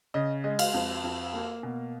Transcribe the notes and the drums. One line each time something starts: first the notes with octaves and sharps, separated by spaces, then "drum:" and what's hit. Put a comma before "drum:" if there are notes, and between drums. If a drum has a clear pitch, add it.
C#3 D#5
G#3 D#5
F5, drum: cymbal
F2 F5
F2
A#3
B2